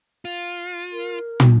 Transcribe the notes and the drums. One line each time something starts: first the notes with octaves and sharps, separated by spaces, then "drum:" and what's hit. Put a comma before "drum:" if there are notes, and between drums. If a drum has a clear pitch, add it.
F4
A#4
drum: tom